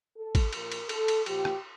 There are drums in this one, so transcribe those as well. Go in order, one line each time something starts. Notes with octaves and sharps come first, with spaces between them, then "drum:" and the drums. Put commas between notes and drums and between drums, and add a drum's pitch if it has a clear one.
A4
drum: kick G#1, cymbal
A#2 F3 A#4, drum: cymbal
drum: cymbal
A4, drum: cymbal
drum: cymbal
A#2 F3 G4, drum: cymbal
drum: rim click